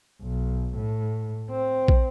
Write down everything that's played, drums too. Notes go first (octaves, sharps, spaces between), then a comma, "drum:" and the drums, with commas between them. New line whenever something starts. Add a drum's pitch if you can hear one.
B1
A2
C4
drum: kick